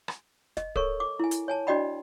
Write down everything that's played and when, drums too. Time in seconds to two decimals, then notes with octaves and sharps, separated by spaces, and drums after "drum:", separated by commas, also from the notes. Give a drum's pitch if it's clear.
0.08 drum: rim click
0.57 D#5, drum: snare
0.76 A4 A#4 C#5 C#6, drum: kick D1
1.00 D6
1.19 E4 G#5
1.31 drum: hi-hat
1.48 C#5 G#5 A5
1.67 D4 F#4 D5 D#5 G5 B5